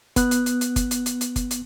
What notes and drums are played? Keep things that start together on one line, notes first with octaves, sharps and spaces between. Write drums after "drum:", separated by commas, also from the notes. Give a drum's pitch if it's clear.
B3 F#6, drum: kick, hi-hat
drum: hi-hat
drum: hi-hat
drum: hi-hat
drum: kick, hi-hat
drum: hi-hat
drum: hi-hat
drum: hi-hat
drum: kick, hi-hat
drum: hi-hat